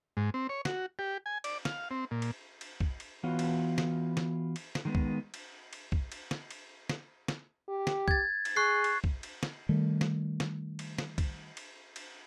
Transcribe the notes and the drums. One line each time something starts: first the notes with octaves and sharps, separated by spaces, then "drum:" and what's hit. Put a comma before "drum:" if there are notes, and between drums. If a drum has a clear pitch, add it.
G#2
C4
C#5
F#4, drum: snare
G4
G#5
D5, drum: cymbal
F5, drum: snare
C4
A#2
drum: cymbal
drum: cymbal
drum: kick
drum: cymbal
E3 B3 F4 F#4 C#5
drum: cymbal
drum: snare
drum: snare
drum: cymbal
drum: snare
D#3 G#3 B3
drum: kick
drum: cymbal
drum: cymbal
drum: kick
drum: cymbal
drum: snare
drum: cymbal
drum: snare
drum: snare
G4
drum: snare
G#6 A6, drum: kick
drum: cymbal
G#4 C#6 F#6 C7
drum: cymbal
drum: kick
drum: cymbal
drum: snare
D#3 G3 A3
drum: snare
drum: snare
drum: cymbal
drum: snare
drum: kick, cymbal
drum: cymbal
drum: cymbal